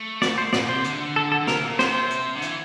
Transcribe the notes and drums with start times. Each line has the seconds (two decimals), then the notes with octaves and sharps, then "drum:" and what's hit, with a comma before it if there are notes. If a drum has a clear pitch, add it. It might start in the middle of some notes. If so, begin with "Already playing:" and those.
Already playing: A3
0.22 D5, drum: snare
0.38 C5
0.53 A#2 D5, drum: snare
0.69 C3 C5
0.84 D3, drum: hi-hat
1.16 A4
1.32 A4
1.41 D3
1.47 C3 A#4, drum: snare
1.63 A#2
1.79 C3 C5, drum: snare
1.95 C5
2.11 drum: hi-hat
2.35 D3
2.42 E3, drum: hi-hat